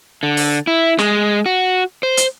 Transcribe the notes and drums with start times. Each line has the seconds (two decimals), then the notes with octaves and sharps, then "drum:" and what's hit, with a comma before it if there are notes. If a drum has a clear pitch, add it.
0.23 D3
0.37 drum: open hi-hat
0.67 E4
0.98 G#3, drum: snare
1.46 F#4
2.03 C5
2.17 drum: hi-hat